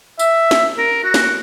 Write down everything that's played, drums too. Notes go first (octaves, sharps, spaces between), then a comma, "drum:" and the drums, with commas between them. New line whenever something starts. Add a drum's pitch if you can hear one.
E5, drum: tambourine
drum: snare
A#4
F#4
drum: snare